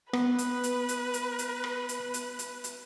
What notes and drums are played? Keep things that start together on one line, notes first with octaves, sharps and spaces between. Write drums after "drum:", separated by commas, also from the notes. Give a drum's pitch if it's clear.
B3 B4, drum: rim click
drum: hi-hat
drum: hi-hat
drum: hi-hat
drum: hi-hat
drum: hi-hat
drum: rim click
drum: hi-hat
drum: hi-hat
drum: hi-hat
drum: hi-hat